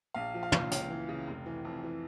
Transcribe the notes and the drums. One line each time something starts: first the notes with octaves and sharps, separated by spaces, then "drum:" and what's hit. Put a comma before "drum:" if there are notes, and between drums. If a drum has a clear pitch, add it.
A#1 F5
F3
F5
A#2, drum: tom
C#2 F5, drum: hi-hat
E3
C#3
F1
E3
F2
E3